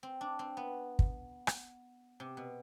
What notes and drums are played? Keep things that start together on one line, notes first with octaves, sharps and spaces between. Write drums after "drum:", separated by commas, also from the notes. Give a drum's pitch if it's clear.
C4
D4
C4
B3
drum: kick
drum: rim click
C3
B2